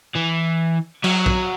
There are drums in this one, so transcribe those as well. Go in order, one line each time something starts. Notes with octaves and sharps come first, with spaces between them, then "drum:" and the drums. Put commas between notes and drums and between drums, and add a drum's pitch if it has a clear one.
E3
F#3, drum: cymbal
drum: kick B1